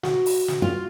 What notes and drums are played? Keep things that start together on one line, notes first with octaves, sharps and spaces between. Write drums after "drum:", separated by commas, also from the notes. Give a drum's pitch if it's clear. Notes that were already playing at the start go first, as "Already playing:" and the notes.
F#4, drum: snare
drum: open hi-hat
drum: snare
F4